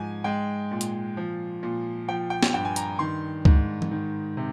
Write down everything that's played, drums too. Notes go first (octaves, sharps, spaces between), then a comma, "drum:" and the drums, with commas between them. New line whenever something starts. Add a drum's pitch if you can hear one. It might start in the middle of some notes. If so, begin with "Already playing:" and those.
Already playing: G#2 F3 G#5
G#3 G5
A#2
drum: hi-hat
F3
A#2
F3 G5
G5
drum: snare
G2 G5
G#5
A#5, drum: hi-hat
D#3 C6
G#2, drum: kick C#2
drum: tom
D#3
C3